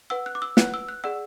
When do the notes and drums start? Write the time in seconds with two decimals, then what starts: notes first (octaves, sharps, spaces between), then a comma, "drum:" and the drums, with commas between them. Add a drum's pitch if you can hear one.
0.10 B4 F#5 E6
0.26 F#6
0.35 D6
0.42 E6
0.57 B4 F#5 F#6, drum: snare
0.74 E6
0.89 F#6
1.04 G#4 D5 F#5 E6